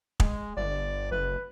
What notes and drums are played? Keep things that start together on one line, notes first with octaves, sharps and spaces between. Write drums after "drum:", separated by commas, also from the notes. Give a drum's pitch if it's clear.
G#3, drum: kick
G1 D5
F#1 B4